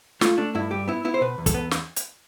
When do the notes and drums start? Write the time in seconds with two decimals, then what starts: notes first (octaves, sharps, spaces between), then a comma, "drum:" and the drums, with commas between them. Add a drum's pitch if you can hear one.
0.21 A3 F4, drum: snare
0.38 A3 D4
0.55 G2 E4
0.71 G3 G4
0.88 B3 E4
1.05 B3 E4
1.14 C5
1.21 B2 B4
1.38 E2
1.46 A4, drum: kick, hi-hat
1.54 B3
1.71 drum: snare
1.96 drum: hi-hat